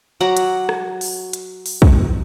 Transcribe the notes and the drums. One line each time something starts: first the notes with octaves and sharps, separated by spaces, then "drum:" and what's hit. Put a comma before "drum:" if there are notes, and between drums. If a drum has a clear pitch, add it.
F#3 F#5 A#5 D6
drum: hi-hat
drum: rim click
drum: open hi-hat
drum: hi-hat
drum: open hi-hat
drum: kick